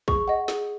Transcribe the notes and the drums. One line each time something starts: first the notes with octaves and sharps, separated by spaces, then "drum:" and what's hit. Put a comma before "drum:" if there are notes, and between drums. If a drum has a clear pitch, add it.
G#4 C#6, drum: kick
D#5 F#5
G#4, drum: snare